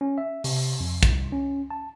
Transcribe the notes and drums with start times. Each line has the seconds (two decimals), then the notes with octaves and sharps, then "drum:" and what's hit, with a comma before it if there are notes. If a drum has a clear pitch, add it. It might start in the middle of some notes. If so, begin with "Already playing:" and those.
0.01 C#4
0.18 E5
0.44 C3, drum: open hi-hat
0.80 F2
1.03 drum: kick, hi-hat
1.12 C2
1.32 C#4
1.71 A5